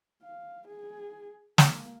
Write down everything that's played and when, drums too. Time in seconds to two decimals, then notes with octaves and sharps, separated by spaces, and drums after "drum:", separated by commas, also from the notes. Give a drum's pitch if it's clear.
0.23 F5
0.68 G#4
1.58 A#3, drum: snare